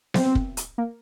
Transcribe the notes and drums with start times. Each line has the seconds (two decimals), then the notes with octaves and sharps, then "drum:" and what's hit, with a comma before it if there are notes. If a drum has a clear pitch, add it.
0.14 C4, drum: snare B3
0.35 drum: kick
0.57 drum: hi-hat
0.78 A#3